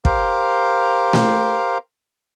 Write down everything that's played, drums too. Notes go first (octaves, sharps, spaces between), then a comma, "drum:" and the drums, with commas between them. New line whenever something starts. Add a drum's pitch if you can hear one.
G4 A#4 C5 F5, drum: kick
drum: snare A3